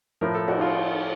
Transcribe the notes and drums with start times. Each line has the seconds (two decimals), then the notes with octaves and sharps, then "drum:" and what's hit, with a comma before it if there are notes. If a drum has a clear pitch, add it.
0.21 A2 F3 A#4
0.35 A4
0.48 F#4, drum: cymbal
0.61 F4